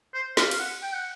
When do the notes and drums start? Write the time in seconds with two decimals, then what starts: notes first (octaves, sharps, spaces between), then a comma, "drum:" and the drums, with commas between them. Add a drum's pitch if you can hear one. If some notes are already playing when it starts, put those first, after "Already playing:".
0.14 C5
0.37 F5, drum: snare
0.51 F5, drum: cymbal
0.60 F#5
0.82 G5
0.94 F#5